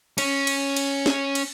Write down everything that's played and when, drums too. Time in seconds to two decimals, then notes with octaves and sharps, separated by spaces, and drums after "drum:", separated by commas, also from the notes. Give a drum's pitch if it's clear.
0.18 C#4, drum: cymbal
0.47 drum: cymbal
0.76 drum: cymbal
1.06 drum: snare
1.35 drum: cymbal